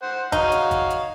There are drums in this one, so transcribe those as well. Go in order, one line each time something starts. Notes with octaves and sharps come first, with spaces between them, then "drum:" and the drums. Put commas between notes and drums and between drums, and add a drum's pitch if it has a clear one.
C5 F#5
D#4 F#4 C#5 F5, drum: kick G#1, hi-hat
drum: hi-hat
drum: kick G#1, hi-hat
drum: hi-hat